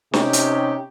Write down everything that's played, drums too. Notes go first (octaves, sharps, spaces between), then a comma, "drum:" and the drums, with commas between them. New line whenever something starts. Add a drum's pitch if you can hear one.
C3 C#4 D#4 G4, drum: snare
drum: hi-hat